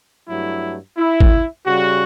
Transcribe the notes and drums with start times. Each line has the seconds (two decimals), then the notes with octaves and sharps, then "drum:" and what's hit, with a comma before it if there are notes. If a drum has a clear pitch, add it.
0.29 G2 F#3 A3 E4
0.98 E4
1.20 drum: kick
1.67 C#3 G3 F#4